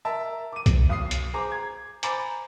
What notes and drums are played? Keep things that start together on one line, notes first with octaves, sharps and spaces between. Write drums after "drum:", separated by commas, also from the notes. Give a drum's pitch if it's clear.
A#4 E5 A5 A#5
D6 D#7
drum: kick B1, hi-hat
B1 D#6 C7
drum: hi-hat
G#4 C5 A#5 D6
G#6
C5 G#5 A#5 B5 D6 A6, drum: hi-hat